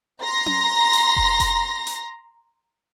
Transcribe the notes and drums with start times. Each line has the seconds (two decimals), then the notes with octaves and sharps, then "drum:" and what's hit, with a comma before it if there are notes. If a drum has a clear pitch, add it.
0.23 A#5 C6 A#6
0.46 drum: tom C#4
0.93 drum: hi-hat
1.16 drum: kick F1
1.40 drum: kick F1, hi-hat
1.87 drum: hi-hat